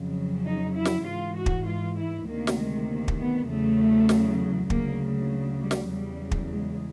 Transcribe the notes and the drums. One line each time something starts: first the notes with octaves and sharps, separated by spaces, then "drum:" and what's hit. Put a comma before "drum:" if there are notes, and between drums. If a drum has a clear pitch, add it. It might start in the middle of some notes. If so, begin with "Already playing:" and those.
Already playing: F2 C#3 F#3
D#4
E4
drum: snare
G#2 E3 F4
F#4
drum: kick
F4
E4
D2 C3 D#3 A#3
drum: snare
G#3
A#3
drum: kick
B3
E2 C#3 F#3 A3
drum: snare
D2 C#3 F#3 A#3, drum: kick
G3
drum: snare
E2 C#3 F#3 G3
drum: kick
G#3